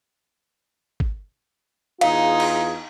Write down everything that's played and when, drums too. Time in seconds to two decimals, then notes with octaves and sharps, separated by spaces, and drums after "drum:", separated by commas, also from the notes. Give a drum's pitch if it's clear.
1.00 drum: kick G#1
2.01 E2 D#4 F4 G#4 F5, drum: cymbal
2.40 drum: cymbal